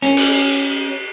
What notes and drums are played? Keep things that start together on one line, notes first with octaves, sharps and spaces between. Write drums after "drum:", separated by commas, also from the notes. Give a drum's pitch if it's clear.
C#4, drum: hi-hat
drum: cymbal